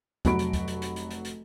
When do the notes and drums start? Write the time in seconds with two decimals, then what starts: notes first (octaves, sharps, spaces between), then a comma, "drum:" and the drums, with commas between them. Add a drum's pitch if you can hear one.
0.25 F1 F#3 F#4 B5 D7, drum: kick, hi-hat
0.39 drum: hi-hat
0.53 drum: kick, hi-hat
0.68 drum: hi-hat
0.82 drum: hi-hat
0.96 drum: hi-hat
1.11 drum: hi-hat
1.25 drum: hi-hat